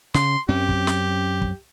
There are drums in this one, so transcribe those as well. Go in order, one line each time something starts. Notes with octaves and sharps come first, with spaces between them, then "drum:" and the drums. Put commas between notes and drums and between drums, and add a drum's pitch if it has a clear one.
C#3 C6, drum: snare
F#2 C4 C#4 G4
drum: kick
drum: snare
drum: kick